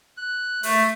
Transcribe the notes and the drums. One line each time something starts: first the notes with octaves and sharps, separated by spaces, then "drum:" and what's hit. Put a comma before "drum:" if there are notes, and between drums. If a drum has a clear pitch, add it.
F#6
A3, drum: open hi-hat